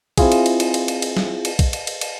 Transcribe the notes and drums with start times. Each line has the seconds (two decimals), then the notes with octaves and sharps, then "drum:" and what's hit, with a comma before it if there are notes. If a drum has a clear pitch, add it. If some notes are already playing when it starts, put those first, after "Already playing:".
0.17 C4 E4 F4 G#4, drum: kick, cymbal
0.32 drum: cymbal
0.46 drum: cymbal
0.60 drum: cymbal
0.74 drum: cymbal
0.88 drum: cymbal
1.02 drum: cymbal
1.17 drum: snare
1.45 drum: cymbal
1.59 drum: kick, cymbal
1.73 drum: cymbal
1.87 drum: cymbal
2.01 drum: cymbal